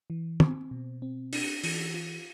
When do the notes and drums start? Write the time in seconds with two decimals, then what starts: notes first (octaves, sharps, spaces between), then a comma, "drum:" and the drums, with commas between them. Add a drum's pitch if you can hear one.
0.10 E3
0.40 C4, drum: tom
0.71 B2
1.02 C4
1.33 D4, drum: open hi-hat
1.64 E3, drum: open hi-hat
1.94 F4